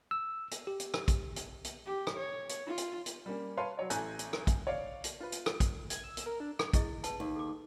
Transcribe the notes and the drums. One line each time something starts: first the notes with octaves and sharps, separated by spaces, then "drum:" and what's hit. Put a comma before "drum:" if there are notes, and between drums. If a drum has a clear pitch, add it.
E6
drum: hi-hat
G4
drum: hi-hat
drum: rim click
drum: kick, hi-hat
drum: hi-hat
drum: hi-hat
G4
drum: rim click
C#5
drum: hi-hat
F4
drum: hi-hat
drum: hi-hat
G3 A#3 C#4
B4 C#5 F5 A5 C6
F#3 C#5 D5
A1 A3 G#5 A#5 F#6 G6, drum: hi-hat
drum: hi-hat
drum: rim click
drum: kick, hi-hat
C#5 D5 F5
drum: hi-hat
F4 B4
drum: hi-hat
drum: rim click
drum: kick, hi-hat
G#6, drum: hi-hat
E6
drum: hi-hat
A#4
D4
drum: rim click
E4 G#4 D#5, drum: kick, hi-hat
B4 A5, drum: hi-hat
D#2
A4 D6